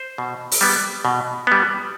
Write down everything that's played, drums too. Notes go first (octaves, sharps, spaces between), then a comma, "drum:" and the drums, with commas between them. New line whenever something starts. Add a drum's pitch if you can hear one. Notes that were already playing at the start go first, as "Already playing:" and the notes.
Already playing: C5
B2
drum: open hi-hat
G3 B3
B2
G3 B3